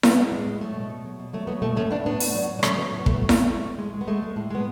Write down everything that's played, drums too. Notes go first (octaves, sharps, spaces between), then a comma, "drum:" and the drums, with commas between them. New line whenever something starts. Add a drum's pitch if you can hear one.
A2 B3, drum: snare E4
G#3
G#3
A2
F#3 A3
B2
B2
F#3
B2
F#3 A3
F#3 B3
B2 A3
A2 A3 C#4
A2 B3 D4
A2 B3 D4
A2, drum: open hi-hat
F#3
F#3
D4
F#3 A3 C#4, drum: rim click
F#3 B3
A2 A3
B3
A2 A3, drum: kick
B3
F#3 A3
B3, drum: snare E4
A2 A3
G#3 A3
A2
G#3
G#3
B3
G#3 A3
G#3
A2
G#3 B3